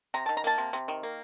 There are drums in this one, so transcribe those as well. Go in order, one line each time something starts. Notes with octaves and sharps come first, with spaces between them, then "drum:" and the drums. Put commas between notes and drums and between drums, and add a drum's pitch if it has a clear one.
C3 A#5, drum: open hi-hat
D#3 A5
A#5
A#3 A5, drum: hi-hat
C3
C3, drum: hi-hat
D#3
A#3